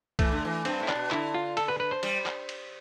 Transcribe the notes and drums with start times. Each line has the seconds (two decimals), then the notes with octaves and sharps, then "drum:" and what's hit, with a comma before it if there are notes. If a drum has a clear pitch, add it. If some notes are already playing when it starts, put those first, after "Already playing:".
0.19 E3 A3, drum: kick, cymbal
0.32 D3
0.45 E3
0.65 G2 C4, drum: cymbal
0.80 A2 E4
0.88 D4, drum: clap
0.95 B2
1.11 D3 E4, drum: clap
1.34 F4
1.57 A4, drum: cymbal
1.68 B4
1.80 B4
1.91 C5
2.03 G3, drum: cymbal
2.26 drum: clap
2.49 drum: cymbal